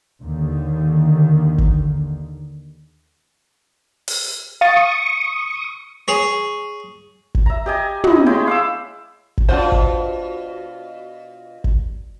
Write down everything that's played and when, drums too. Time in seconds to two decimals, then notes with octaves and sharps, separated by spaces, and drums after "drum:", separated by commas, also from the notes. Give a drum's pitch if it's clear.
0.23 D#2 D3 D#3
1.58 drum: kick G1
4.08 drum: open hi-hat
4.61 F5 C#6 D#6 A6
6.08 G#4 C#5
7.35 drum: kick G1
7.46 E5 A#5
7.66 G4 D#5 G#5 A#5
8.04 E4 D#5, drum: tom
8.26 G#3 E4 C#5 G5
8.47 F5 D6 E6
9.38 drum: kick G1
9.49 B2 D4 F4 F#4 C5
9.72 drum: kick G1
11.64 drum: kick G1